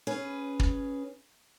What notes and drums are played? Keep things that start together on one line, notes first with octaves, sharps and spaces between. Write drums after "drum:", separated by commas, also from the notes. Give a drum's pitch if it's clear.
C#4 G#4 B4
drum: kick